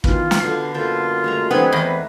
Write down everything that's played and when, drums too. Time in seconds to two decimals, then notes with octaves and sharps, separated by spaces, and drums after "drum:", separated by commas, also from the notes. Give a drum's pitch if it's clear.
0.04 D#3 E3 B3 F4, drum: kick
0.31 drum: snare
0.40 B2 D3 C7
0.74 F#2 D3 A#3 F4 A4 G5
1.24 G#3 A3 A#5
1.51 D3 E3 G3 B3 C4 D#4 G#4
1.72 E2 C4 B4 E5 A#6